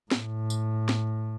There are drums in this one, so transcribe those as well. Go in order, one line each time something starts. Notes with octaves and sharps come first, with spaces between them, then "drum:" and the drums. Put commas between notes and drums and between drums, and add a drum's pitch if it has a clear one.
A2, drum: snare
drum: tambourine
drum: snare